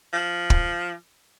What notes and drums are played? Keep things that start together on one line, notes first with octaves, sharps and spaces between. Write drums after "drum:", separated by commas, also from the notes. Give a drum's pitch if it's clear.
F3
drum: kick